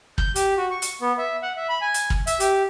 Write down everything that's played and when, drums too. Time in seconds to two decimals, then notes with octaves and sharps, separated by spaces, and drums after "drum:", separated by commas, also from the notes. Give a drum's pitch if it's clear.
0.18 G6, drum: kick
0.36 G4, drum: hi-hat
0.58 F#4
0.71 C#6
0.82 drum: hi-hat
1.01 B3
1.18 E5
1.42 F#5
1.57 E5
1.69 B5
1.81 G#5
1.94 drum: hi-hat
2.10 drum: kick
2.27 E5, drum: hi-hat
2.40 G4, drum: hi-hat